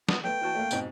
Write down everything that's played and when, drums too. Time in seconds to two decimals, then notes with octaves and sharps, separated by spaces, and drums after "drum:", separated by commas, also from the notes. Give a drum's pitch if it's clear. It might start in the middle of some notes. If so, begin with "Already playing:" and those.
0.09 B3, drum: snare
0.24 A3 B3 G5
0.41 E3 F#4 A5
0.55 A3 A#3
0.71 B1 F2 G#2, drum: tambourine